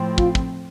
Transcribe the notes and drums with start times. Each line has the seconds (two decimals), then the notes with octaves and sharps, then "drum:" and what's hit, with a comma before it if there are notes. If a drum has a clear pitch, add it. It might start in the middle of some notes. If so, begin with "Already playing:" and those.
Already playing: A2 F3 C4
0.18 F4, drum: kick
0.35 drum: kick